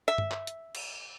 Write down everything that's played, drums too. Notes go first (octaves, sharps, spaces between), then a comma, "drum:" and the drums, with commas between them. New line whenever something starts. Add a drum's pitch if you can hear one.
E5
drum: tom
drum: clap
drum: hi-hat
drum: cymbal